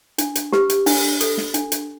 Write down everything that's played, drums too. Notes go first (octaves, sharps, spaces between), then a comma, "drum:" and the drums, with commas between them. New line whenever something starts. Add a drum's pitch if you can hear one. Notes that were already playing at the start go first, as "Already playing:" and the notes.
D4, drum: hi-hat
drum: hi-hat
G4 B4, drum: snare
drum: hi-hat
D4, drum: open hi-hat
A4, drum: hi-hat
drum: snare
D4, drum: hi-hat
drum: hi-hat